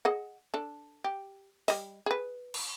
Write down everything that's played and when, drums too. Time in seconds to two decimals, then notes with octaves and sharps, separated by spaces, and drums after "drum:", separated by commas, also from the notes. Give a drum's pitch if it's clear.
0.05 G#4 D#5 F#5
0.54 D4 A4
1.04 G4
1.68 G3 D#5, drum: open hi-hat
2.06 G#4 B4
2.54 drum: cymbal